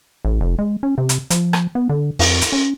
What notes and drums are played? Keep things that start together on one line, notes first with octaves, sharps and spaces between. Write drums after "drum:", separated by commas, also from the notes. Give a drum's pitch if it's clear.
A1
F1
G#3
C#4
C3
drum: hi-hat
F3, drum: hi-hat
drum: rim click
B3
D3
F2, drum: open hi-hat
drum: hi-hat
C#4